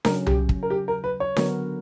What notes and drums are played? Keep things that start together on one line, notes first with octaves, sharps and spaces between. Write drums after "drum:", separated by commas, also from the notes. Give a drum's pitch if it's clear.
C#3 F#3 C#4 A#4, drum: snare D4
G4, drum: tom C2
drum: kick
A#4
G4
A#4
B4
C#5
D3 F#3 B3 F#4 A#4, drum: snare D4